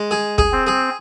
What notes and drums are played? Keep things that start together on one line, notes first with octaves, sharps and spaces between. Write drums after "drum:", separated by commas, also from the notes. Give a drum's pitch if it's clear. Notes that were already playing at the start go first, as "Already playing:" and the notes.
Already playing: G#3
G#4
G#4, drum: kick
C4
G#4